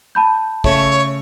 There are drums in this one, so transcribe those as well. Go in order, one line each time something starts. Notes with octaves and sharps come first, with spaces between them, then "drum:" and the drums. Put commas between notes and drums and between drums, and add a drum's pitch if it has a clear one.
A5 B5 G6
C#3 A3 C#5, drum: kick